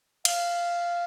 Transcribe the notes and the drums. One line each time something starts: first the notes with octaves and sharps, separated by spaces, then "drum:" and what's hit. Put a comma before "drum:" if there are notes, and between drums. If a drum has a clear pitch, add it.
F5, drum: cymbal